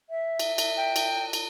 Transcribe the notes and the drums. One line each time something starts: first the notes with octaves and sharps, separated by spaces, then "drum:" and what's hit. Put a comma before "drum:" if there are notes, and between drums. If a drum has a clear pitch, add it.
E5
drum: cymbal
drum: cymbal
G5
drum: cymbal
drum: cymbal